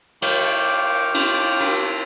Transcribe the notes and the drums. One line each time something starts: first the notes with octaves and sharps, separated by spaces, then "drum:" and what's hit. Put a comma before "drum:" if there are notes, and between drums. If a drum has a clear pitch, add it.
F5 G5 C#6 D6, drum: cymbal
drum: cymbal
drum: cymbal